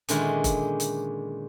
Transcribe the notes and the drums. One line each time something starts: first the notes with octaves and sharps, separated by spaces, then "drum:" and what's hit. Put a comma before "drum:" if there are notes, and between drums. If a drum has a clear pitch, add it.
A#2 D3 D#3 G#3 C#4 E4, drum: hi-hat
drum: kick F1, hi-hat
drum: hi-hat